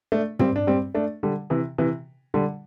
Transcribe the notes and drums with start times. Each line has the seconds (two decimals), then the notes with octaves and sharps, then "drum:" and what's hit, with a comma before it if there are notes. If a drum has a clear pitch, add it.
0.12 A3 D4
0.39 G3 C4, drum: tom
0.56 D4
0.67 G3 C4
0.95 A3 D4
1.23 D3 G3
1.50 C3 E3
1.78 C3 E3
2.34 D3 G3